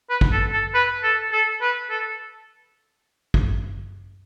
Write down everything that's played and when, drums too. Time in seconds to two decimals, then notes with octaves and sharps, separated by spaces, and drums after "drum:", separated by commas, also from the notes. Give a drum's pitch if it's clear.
0.10 B4
0.21 drum: kick
0.32 A4
0.53 A4
0.74 B4
1.03 A4
1.32 A4
1.61 B4
1.90 A4
3.34 drum: kick